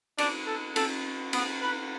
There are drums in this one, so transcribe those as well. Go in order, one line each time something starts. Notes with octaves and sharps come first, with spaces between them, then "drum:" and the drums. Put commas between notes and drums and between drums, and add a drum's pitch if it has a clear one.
D4, drum: cymbal
A4
A4, drum: cymbal
B3, drum: cymbal
B4